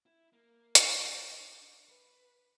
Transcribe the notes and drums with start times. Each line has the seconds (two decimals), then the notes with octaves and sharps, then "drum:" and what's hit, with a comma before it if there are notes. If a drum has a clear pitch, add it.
0.06 E4
0.33 A#3
0.75 drum: hi-hat
1.08 D4
1.89 B4